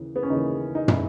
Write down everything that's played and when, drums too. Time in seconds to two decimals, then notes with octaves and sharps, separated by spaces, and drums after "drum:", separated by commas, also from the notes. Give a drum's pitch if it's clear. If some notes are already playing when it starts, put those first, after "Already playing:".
Already playing: D#2 C#3 E3
0.16 B3
0.23 C#4
0.30 D#2 C#3 E3 D#4
0.75 D#4
0.88 E4, drum: tom